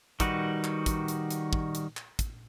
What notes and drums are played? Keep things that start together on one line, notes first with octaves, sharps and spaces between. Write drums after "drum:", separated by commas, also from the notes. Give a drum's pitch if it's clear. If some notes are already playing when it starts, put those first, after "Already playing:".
D#3 G3 D#4 F#4 B4, drum: kick, hi-hat
drum: clap
drum: kick, hi-hat
drum: hi-hat
drum: hi-hat
drum: kick
drum: hi-hat
drum: clap
drum: kick, hi-hat